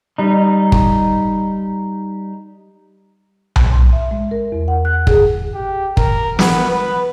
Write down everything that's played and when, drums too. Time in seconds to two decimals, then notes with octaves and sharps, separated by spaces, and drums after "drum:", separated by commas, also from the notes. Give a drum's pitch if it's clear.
0.18 G3 D#4
0.72 drum: kick
3.56 drum: tom B1
3.72 C6
3.93 E5
4.11 G#3
4.31 A#4
4.52 E2
4.68 F#5
4.85 F#6
5.07 G#4, drum: kick
5.54 G4
5.97 A#4, drum: kick
6.39 B3, drum: snare
6.71 B4